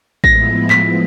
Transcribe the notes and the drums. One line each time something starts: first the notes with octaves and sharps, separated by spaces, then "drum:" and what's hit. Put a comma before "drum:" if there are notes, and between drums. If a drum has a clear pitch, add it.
A2 F3 G#3 B3 E4 A#6, drum: kick A1
B6, drum: clap